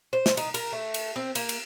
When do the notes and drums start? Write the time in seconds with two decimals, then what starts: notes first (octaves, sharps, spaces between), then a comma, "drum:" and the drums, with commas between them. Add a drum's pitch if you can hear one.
0.13 C5
0.26 drum: snare
0.37 D#4, drum: cymbal
0.54 A#4, drum: cymbal
0.72 A3
0.94 drum: cymbal
1.16 C4
1.35 A#3, drum: cymbal
1.49 drum: cymbal